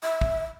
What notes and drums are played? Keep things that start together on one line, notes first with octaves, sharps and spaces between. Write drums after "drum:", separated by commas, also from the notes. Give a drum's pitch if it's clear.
E5
drum: kick